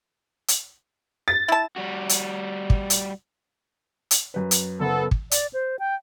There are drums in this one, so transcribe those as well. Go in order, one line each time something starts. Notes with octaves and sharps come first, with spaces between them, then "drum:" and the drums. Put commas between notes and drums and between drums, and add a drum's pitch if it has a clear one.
drum: hi-hat
A6
E4 A5
G3 F#4
drum: hi-hat
drum: kick
drum: hi-hat
drum: hi-hat
F#2 B4
drum: hi-hat
F#1 B3 A4
drum: kick
D5, drum: hi-hat
C5
G5